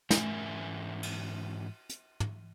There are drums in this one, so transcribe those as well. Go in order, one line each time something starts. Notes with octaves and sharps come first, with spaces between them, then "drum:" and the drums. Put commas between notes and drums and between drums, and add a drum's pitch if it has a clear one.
G#2 E3 C#4 A#4 E5 G#5, drum: snare
drum: cymbal
drum: hi-hat
drum: tom